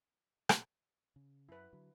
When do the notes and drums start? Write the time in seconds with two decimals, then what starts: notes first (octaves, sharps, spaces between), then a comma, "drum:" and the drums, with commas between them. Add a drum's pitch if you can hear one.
0.49 drum: rim click
1.16 C#3
1.49 F#2 E4 B4
1.73 D3 F#3